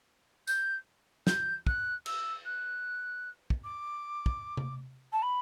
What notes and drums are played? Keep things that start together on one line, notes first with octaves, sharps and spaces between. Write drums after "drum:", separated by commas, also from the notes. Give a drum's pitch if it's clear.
G6, drum: tambourine
G6, drum: snare
F#6, drum: kick
E6, drum: cymbal
F#6
drum: kick
D6
drum: kick
drum: tom C3
A5
B5